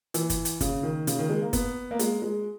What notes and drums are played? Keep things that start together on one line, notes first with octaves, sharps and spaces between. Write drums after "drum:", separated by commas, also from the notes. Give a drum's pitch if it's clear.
E3, drum: hi-hat
drum: kick F#1, hi-hat
drum: hi-hat
C#3, drum: kick F#1, hi-hat
D#3
C#3, drum: hi-hat
D#3
G#3
A#3
B3, drum: kick F#1, hi-hat
A#3
G#3, drum: hi-hat
G#3